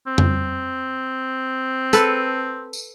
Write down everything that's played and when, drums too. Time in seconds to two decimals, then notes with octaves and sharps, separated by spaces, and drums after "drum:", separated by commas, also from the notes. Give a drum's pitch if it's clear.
0.07 C4
0.18 drum: tom F2
1.93 A4 B4, drum: hi-hat
2.73 drum: tambourine